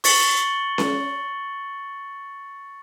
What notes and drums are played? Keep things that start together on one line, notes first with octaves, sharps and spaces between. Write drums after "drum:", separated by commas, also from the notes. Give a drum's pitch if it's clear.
C#6 A6 C#7 F#7 G7, drum: open hi-hat
drum: snare C#4